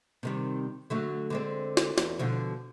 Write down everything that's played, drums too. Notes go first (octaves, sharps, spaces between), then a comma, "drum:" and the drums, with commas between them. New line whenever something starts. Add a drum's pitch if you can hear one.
C3 D#3 G3
D3 F#3 A3
D3 G#3 C4
drum: snare
E2, drum: snare
B2 D3 F3